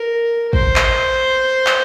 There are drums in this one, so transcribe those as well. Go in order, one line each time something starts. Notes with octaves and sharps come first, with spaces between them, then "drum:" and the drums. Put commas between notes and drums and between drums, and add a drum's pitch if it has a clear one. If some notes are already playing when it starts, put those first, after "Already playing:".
Already playing: A#4
C5, drum: kick
drum: clap
drum: clap